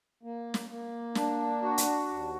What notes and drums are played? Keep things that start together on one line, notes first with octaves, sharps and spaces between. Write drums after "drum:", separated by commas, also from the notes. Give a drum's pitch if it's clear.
A#3
drum: snare
A#3
D4, drum: snare
F#4
drum: hi-hat
D#2